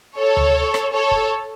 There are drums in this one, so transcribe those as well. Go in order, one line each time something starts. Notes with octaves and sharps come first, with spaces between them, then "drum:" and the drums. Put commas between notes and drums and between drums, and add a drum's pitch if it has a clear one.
A4 C#5
drum: tom D2
drum: rim click
A4 C#5
drum: kick